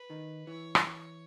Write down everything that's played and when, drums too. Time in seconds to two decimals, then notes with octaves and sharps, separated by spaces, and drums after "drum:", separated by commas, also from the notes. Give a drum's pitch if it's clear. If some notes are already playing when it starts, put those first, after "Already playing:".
Already playing: B4
0.10 D#3 D#4
0.47 E3 E4 C#5
0.75 drum: rim click